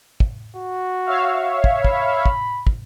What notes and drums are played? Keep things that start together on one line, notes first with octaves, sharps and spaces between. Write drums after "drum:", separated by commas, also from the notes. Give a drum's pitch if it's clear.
drum: kick
F#4
C#5 E5 F5
drum: kick
B5, drum: kick
drum: kick
drum: kick